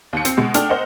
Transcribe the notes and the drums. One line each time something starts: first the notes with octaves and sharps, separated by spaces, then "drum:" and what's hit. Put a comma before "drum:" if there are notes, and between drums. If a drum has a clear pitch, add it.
D#2 C#7
C4, drum: hi-hat
B2 G#3
A3 D4 G5 F6, drum: hi-hat
A#4 C5 D#5 F#5